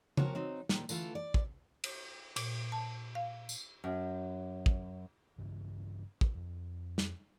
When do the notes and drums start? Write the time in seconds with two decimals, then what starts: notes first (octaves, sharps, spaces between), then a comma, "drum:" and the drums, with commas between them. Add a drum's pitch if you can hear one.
0.17 F3 F#3 F#4 G4 A#4 C#5, drum: tom C#3
0.35 F#3 C4 D#4
0.69 A#2 D#3 F3 G3, drum: snare
0.89 D3 E3 A3 F4 A4, drum: tambourine
1.15 D5
1.34 drum: kick
1.84 drum: cymbal
2.36 A#2, drum: cymbal
2.72 A5
3.15 F5
3.49 drum: tambourine
3.84 F#2
4.66 drum: kick
5.38 G2 C#3 E3
6.21 drum: kick
6.35 F2
6.98 drum: snare